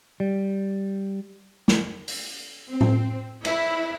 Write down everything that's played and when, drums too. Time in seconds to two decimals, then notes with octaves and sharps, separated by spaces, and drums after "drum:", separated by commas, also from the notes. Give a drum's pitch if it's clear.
0.20 G3
1.68 drum: snare
2.08 drum: open hi-hat
2.71 C4
2.81 drum: tom A2
3.45 E4, drum: cymbal